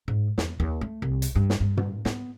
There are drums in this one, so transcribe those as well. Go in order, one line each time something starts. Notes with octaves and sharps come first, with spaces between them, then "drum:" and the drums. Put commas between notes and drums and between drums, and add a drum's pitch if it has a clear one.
G#2
E2, drum: snare
D#2
A3
C2
drum: hi-hat
G2
drum: snare
G2
drum: tom
B3, drum: snare